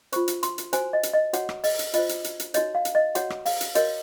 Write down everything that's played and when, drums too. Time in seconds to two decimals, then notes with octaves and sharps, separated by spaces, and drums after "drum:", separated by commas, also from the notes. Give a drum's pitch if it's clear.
0.12 F4 C5 C#6, drum: hi-hat
0.28 drum: hi-hat
0.43 C6, drum: hi-hat
0.58 drum: hi-hat
0.73 F#4 C5 G#5, drum: hi-hat
0.93 D#5
1.03 drum: hi-hat
1.14 D#5
1.33 F#4 C#5 F#5, drum: hi-hat
1.49 drum: rim click
1.64 D#5, drum: open hi-hat
1.79 drum: hi-hat
1.94 F4 C5 D#5, drum: hi-hat
2.09 drum: hi-hat
2.24 drum: hi-hat
2.40 drum: hi-hat
2.54 D#4 F#4 C#5 D#5, drum: hi-hat
2.75 F5
2.85 drum: hi-hat
2.95 D#5
3.15 F#4 C#5 F#5, drum: hi-hat
3.30 drum: rim click
3.46 F5, drum: open hi-hat
3.61 drum: hi-hat
3.75 F#4 A#4 C#5 D#5, drum: hi-hat